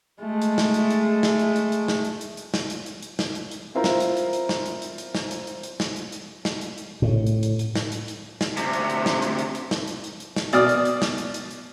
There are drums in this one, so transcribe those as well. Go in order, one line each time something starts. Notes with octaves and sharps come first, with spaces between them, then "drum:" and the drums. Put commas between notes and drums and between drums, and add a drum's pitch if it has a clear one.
G#3 A3
drum: hi-hat
drum: snare
drum: hi-hat
drum: hi-hat
drum: snare
drum: hi-hat
drum: hi-hat
drum: hi-hat
drum: snare
drum: hi-hat
drum: hi-hat
drum: hi-hat
drum: snare
drum: hi-hat
drum: hi-hat
drum: hi-hat
drum: snare
drum: hi-hat
drum: hi-hat
C4 E4 F4 A#4 C5 A#5
drum: snare
drum: hi-hat
drum: hi-hat
drum: hi-hat
drum: snare
drum: hi-hat
drum: hi-hat
drum: hi-hat
drum: snare
drum: hi-hat
drum: hi-hat
drum: hi-hat
drum: snare
drum: hi-hat
drum: hi-hat
drum: snare
drum: hi-hat
drum: hi-hat
A2
drum: hi-hat
drum: hi-hat
drum: hi-hat
drum: snare
drum: hi-hat
drum: hi-hat
drum: snare
D2 C3, drum: hi-hat
drum: hi-hat
drum: hi-hat
drum: snare
drum: hi-hat
drum: hi-hat
drum: hi-hat
drum: snare
drum: hi-hat
drum: hi-hat
drum: hi-hat
drum: snare
B2 D5 D#6 F6, drum: hi-hat
drum: hi-hat
drum: hi-hat
drum: snare
drum: hi-hat
drum: hi-hat
drum: hi-hat